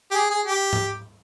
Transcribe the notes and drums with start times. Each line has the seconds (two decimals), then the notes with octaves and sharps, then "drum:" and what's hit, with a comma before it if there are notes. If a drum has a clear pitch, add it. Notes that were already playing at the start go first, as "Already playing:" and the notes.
0.11 G4
0.15 G#4
0.30 G#4
0.46 G4
0.73 drum: tom G#2